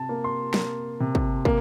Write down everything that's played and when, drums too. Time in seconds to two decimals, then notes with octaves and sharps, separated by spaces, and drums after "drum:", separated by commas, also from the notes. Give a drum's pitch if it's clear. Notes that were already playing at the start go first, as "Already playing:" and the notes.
Already playing: C3 A5
0.09 A#3
0.24 C6
0.54 A#3, drum: snare
1.00 C3
1.15 drum: kick
1.45 A#3, drum: kick